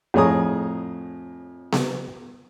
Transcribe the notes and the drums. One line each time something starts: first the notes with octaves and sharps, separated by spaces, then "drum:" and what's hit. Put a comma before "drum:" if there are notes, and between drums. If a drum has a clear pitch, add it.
F2 A2 G#4 C#5 A#5 D#6
drum: snare B3